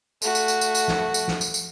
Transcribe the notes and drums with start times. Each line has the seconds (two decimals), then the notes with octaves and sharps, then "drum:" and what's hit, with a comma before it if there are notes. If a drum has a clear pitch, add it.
0.22 A3 F#4, drum: tambourine
0.35 drum: tambourine
0.48 drum: tambourine
0.61 drum: tambourine
0.75 drum: tambourine
0.88 drum: snare
1.14 drum: tambourine
1.28 drum: snare
1.41 drum: tambourine
1.54 drum: tambourine